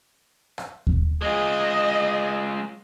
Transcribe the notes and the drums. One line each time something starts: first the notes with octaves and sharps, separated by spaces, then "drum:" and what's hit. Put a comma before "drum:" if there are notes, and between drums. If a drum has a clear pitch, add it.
drum: rim click
drum: kick D#2
G#3 F4 G#4 D#5